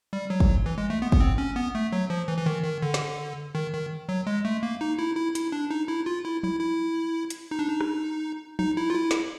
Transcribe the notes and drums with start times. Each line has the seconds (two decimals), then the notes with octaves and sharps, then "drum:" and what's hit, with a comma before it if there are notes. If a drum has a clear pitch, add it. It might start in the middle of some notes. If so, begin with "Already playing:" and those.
0.13 G3
0.30 F#3
0.40 drum: kick
0.66 E3
0.78 G#3
0.90 A3
1.02 B3
1.12 B3, drum: kick
1.20 C4
1.38 C#4
1.56 B3
1.75 A3
1.92 F#3
2.10 F3
2.28 E3
2.38 E3
2.46 D#3
2.64 D#3
2.82 D3
2.94 drum: snare
3.55 D#3
3.73 D#3
4.09 F#3
4.27 G#3
4.45 A3
4.63 A#3
4.81 D#4
4.99 E4
5.16 E4
5.35 E4, drum: hi-hat
5.52 D4
5.71 D#4
5.88 E4
6.06 F4
6.25 E4
6.43 E4, drum: tom F3
6.60 E4
7.30 drum: hi-hat
7.51 D#4
7.59 D4
7.68 D#4
7.81 drum: rim click
8.59 D#4, drum: tom F3
8.77 E4
8.90 F4
8.95 E4
9.11 drum: snare